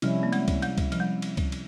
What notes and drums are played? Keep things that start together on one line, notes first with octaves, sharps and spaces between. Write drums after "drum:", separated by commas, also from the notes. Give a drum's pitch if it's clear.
C3 F3 G3 C#4 E4, drum: cymbal
A#3
G#3, drum: cymbal
drum: kick C#2, cymbal
G3, drum: cymbal
drum: kick C#2, cymbal
F3, drum: cymbal
G3
drum: cymbal
drum: kick C#2, cymbal
drum: cymbal